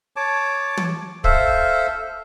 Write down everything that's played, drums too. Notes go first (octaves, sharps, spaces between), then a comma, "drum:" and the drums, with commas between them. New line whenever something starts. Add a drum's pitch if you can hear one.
C#5 A5 D6
drum: tom
A4 C5 E5 F5, drum: kick